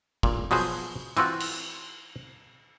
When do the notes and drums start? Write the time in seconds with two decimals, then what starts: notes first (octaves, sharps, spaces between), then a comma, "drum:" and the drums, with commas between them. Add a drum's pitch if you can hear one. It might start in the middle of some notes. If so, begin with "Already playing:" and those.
0.23 A#2, drum: kick
0.51 B2 F3 F#3 G#4 C5, drum: open hi-hat
1.17 E3 C4 F4 F#4, drum: cymbal
1.40 drum: cymbal